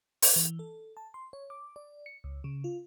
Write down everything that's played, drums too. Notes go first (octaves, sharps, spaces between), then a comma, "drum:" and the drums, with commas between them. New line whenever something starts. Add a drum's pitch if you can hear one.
C6, drum: open hi-hat
E3
A4
A5
C6
C#5
D6
D5
C#7
C#2
C#3
F4